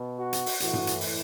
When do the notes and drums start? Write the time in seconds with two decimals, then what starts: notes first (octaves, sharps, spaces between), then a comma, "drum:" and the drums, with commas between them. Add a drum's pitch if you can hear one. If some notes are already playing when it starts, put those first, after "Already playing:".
Already playing: B2
0.19 F#4
0.33 drum: hi-hat
0.46 drum: open hi-hat
0.60 A2 E3 F#4, drum: hi-hat
0.73 drum: tom G2
0.87 drum: hi-hat
1.01 drum: open hi-hat